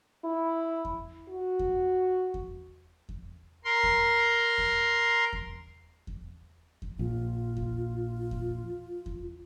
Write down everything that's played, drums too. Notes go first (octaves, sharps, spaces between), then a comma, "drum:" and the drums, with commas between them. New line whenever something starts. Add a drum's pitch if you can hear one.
E4
drum: kick E2
F#4
drum: kick E2
drum: kick E2
drum: kick E2
A#4 C6
drum: kick E2
drum: kick E2
drum: kick E2
drum: kick E2
drum: kick E2
A#1 F4
drum: kick E2
drum: kick E2
drum: kick E2